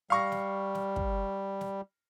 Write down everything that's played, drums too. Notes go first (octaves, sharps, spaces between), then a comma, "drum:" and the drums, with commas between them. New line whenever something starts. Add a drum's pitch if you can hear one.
G3 F5 C#6 A#6
drum: snare
drum: snare
drum: kick
drum: snare